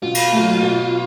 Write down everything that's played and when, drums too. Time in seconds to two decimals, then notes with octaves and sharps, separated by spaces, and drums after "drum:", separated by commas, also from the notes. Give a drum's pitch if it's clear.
0.02 B2 F4
0.15 drum: cymbal
0.32 F#3 A3
0.62 B2